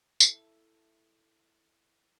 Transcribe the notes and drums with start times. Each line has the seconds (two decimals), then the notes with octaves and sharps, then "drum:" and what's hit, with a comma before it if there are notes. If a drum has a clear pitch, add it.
0.20 E4 A4, drum: tambourine